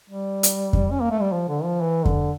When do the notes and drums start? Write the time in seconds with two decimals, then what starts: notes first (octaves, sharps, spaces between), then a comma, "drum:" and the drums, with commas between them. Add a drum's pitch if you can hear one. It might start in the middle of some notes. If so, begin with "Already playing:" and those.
0.10 G3
0.43 drum: hi-hat
0.73 drum: kick F2
0.91 C#4
1.00 A#3
1.11 A3
1.21 G3
1.32 F3
1.48 D3
1.64 F3
1.81 E3
2.05 D3, drum: kick F2